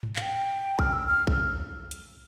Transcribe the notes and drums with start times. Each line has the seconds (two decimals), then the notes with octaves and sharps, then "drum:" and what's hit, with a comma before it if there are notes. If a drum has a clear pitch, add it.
0.03 drum: tom G#2
0.16 F5, drum: clap
0.22 G5
0.79 F6, drum: kick
0.93 E6
1.07 F6
1.27 drum: kick
1.91 drum: hi-hat